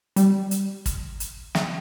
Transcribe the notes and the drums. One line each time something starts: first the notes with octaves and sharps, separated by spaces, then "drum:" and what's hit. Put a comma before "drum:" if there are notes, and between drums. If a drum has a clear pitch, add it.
G3, drum: hi-hat
drum: hi-hat
drum: kick, hi-hat
drum: hi-hat
drum: snare